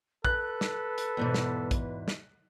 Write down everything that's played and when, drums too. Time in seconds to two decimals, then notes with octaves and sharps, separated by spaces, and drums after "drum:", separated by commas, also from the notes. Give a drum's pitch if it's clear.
0.25 A4 B4 F#6, drum: kick A#1
0.61 drum: snare
0.98 drum: hi-hat
1.17 E2 G#2 B2
1.34 drum: snare
1.71 drum: kick A#1, hi-hat
2.08 drum: snare